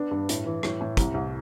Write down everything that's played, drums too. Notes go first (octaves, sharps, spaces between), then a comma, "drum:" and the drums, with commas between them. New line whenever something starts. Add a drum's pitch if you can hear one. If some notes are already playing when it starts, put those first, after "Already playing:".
Already playing: B3 D4
G2
A2, drum: hi-hat
E3
A2, drum: rim click
A2
C2, drum: kick, hi-hat
C2